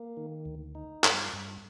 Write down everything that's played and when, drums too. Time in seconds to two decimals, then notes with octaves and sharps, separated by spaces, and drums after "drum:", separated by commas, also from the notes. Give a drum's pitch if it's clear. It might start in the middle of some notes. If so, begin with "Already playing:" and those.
Already playing: A#3
0.17 D#3
0.45 D2
0.75 D#4
1.04 G2, drum: clap
1.33 G2